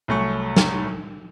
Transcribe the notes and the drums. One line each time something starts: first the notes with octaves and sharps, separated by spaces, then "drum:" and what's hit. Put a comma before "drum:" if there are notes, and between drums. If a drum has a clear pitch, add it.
C2 F#3 A3 G#5 C#6
drum: snare